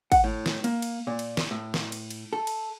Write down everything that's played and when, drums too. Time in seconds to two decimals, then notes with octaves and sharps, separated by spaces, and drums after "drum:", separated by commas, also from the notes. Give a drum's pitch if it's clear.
0.12 F#5, drum: kick, cymbal
0.24 A2
0.46 drum: snare
0.64 A#3, drum: cymbal
0.82 drum: cymbal
1.07 A#2
1.19 drum: cymbal
1.37 drum: snare
1.51 A2
1.74 drum: snare
1.92 drum: cymbal
2.10 drum: cymbal
2.33 A4
2.47 drum: cymbal